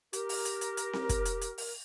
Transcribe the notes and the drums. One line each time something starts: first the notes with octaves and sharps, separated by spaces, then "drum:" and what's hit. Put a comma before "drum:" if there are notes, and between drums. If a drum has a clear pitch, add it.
G4 A#4, drum: hi-hat
drum: open hi-hat
drum: hi-hat
drum: hi-hat
drum: hi-hat
drum: snare C4
drum: kick, hi-hat
drum: hi-hat
drum: hi-hat
drum: open hi-hat